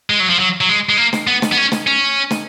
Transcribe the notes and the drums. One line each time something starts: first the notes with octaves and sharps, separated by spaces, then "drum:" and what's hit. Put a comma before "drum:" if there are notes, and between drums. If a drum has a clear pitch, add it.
G#3
F#3
F3
F#3
F#3
G#3
G#3
A#3
drum: snare
B3
drum: snare
B3
C#4
drum: snare
C#4
drum: snare